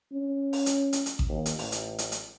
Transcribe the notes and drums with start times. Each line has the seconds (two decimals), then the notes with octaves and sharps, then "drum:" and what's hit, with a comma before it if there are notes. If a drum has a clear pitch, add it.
0.13 C#4
0.53 drum: open hi-hat
0.66 drum: hi-hat
0.93 drum: hi-hat
1.06 drum: hi-hat
1.19 drum: kick A1
1.29 D#2
1.46 drum: hi-hat
1.59 A1, drum: open hi-hat
1.72 drum: hi-hat
1.98 drum: hi-hat
2.12 drum: hi-hat